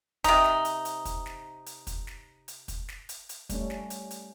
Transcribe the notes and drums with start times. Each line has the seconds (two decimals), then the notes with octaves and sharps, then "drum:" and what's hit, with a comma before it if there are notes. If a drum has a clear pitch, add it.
0.24 C3 D#4, drum: kick, hi-hat
0.44 drum: snare
0.65 drum: hi-hat
0.85 drum: hi-hat
1.05 drum: kick, hi-hat
1.26 drum: snare
1.66 drum: hi-hat
1.87 drum: kick, hi-hat
2.07 drum: snare
2.48 drum: hi-hat
2.68 drum: kick, hi-hat
2.88 drum: snare
3.09 drum: hi-hat
3.29 drum: hi-hat
3.49 G3 A3 C#4, drum: kick, hi-hat
3.70 drum: snare
3.90 drum: hi-hat
4.11 drum: hi-hat